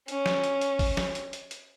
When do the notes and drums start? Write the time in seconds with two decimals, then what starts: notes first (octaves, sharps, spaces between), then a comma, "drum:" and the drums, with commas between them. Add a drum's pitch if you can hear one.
0.08 C#4, drum: hi-hat
0.26 drum: snare
0.44 drum: hi-hat
0.61 drum: hi-hat
0.79 drum: kick, open hi-hat
0.97 drum: snare
1.15 drum: hi-hat
1.33 drum: hi-hat
1.51 drum: hi-hat